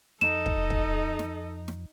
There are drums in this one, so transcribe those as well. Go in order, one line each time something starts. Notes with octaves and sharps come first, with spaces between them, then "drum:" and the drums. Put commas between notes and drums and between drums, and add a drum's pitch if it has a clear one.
F2 D#4 A4 D#5 E7, drum: snare
drum: kick
drum: kick
drum: snare
drum: snare